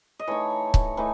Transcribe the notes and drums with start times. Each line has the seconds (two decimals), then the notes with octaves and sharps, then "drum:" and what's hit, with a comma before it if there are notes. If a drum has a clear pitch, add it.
0.19 D#5
0.27 E3 A3 D#4 C#5
0.74 drum: kick C#1
0.97 E3 A3 D#4